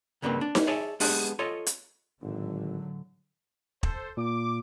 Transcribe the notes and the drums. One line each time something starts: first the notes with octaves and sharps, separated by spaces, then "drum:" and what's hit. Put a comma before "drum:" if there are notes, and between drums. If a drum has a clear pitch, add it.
C#2 G2 C#3 A#3 C4 B4
D4
drum: snare D#4
G#4 C#5 D5 E5 G#5 A5
G#3 B3 D4 G4 G#4, drum: open hi-hat
F4 A4 C#5 D#5
drum: hi-hat
G#1 A2 D3 F#3
A4 C5, drum: kick
A#2 D6